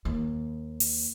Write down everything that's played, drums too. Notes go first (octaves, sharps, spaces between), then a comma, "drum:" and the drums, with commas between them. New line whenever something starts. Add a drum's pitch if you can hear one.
D#2
drum: open hi-hat